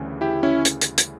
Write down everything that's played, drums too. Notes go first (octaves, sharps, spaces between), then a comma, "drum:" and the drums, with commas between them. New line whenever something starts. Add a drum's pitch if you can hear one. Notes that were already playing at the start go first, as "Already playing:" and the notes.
Already playing: D2 C#3 E3 G3
E4 G4
C#4 E4
drum: hi-hat
drum: hi-hat
drum: hi-hat